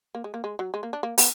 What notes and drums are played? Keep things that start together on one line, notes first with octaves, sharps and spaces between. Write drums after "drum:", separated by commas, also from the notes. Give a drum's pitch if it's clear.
A#3
G#3
A#3
G#3
F#3
G#3
A#3
D4
A#3
B3, drum: open hi-hat